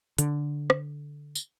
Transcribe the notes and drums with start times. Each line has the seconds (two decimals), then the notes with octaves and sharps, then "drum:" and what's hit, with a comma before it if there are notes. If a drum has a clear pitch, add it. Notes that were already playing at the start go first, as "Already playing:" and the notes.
0.18 D3, drum: hi-hat
0.70 drum: rim click
1.35 drum: tambourine